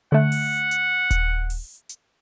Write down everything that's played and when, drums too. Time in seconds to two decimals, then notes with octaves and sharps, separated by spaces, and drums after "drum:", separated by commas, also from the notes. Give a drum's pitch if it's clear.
0.12 D3 A3 F#5
0.32 drum: open hi-hat
0.71 drum: hi-hat
1.11 drum: kick D#1, hi-hat
1.50 drum: open hi-hat
1.89 drum: hi-hat